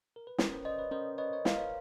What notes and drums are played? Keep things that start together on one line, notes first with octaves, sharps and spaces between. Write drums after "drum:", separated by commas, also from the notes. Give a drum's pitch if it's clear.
A#4
B4
C#4 A#4 C5, drum: snare
B4 C#5
C5 D5 D#5
B4 C#5
C#4 A#4 C5
B4 C#5 D#5
C#5
A#4 C5 F5, drum: snare
B4 C#5